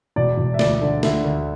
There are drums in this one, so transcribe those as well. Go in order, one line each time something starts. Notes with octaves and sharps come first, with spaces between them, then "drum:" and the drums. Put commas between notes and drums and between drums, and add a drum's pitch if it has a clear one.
E1 D5
E1
E5
D2 D5, drum: snare
D3
D3 E5, drum: snare
D2